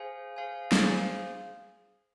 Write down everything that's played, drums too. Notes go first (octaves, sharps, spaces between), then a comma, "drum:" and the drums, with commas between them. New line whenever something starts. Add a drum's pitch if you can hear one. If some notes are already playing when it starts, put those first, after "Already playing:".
Already playing: G#4 C5 F5 G#5
G#4 C5 F5 G#5
drum: snare
G#4 C5 F5 G#5